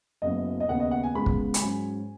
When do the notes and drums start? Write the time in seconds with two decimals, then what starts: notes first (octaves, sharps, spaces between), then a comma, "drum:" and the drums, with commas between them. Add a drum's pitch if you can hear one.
0.22 F#1 F#2 F#3 B3 D#5
0.60 D#5
0.68 D#2 C#3 B3 F#5
0.80 D#5
0.91 F#5
1.03 G#5
1.14 C#2 C#3 G#3 B3 B5
1.26 drum: kick
1.54 B5, drum: hi-hat
1.61 G#2 F#3 C#4 G#5